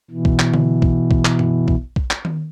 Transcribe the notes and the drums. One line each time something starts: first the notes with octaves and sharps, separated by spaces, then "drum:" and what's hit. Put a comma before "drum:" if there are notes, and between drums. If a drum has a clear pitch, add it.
B2 E3
drum: kick
drum: clap
drum: tom D3
drum: kick
drum: kick
drum: clap
drum: tom F#2
drum: kick
drum: kick
drum: clap
drum: tom D#3